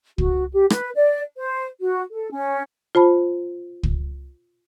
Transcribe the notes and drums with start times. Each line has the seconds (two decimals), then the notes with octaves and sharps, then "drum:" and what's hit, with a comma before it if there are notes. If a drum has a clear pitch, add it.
0.18 F#4, drum: kick
0.53 G4
0.70 B4, drum: rim click
0.94 D5
1.37 C5
1.81 F#4
2.11 A4
2.31 C#4
2.95 F4 C5 A5 B5
3.83 drum: kick